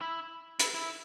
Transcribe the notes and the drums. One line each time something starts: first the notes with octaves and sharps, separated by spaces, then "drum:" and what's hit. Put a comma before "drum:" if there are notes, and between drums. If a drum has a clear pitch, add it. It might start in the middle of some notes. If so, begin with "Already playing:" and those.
E4
E4, drum: hi-hat
E4